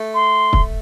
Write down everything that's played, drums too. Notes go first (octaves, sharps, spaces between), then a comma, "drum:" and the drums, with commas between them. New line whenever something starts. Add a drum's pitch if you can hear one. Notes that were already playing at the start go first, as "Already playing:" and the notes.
Already playing: A3
C6
drum: kick